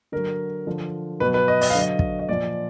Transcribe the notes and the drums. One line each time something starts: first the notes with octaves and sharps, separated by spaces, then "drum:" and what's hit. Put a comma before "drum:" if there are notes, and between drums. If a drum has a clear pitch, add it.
D3 F#3 A#4
D3 F3
B2 F#3 B4
B4
D#5
D#5, drum: open hi-hat
F5
D3 F#3 D#5
drum: kick
D#5
A#2 F3 D5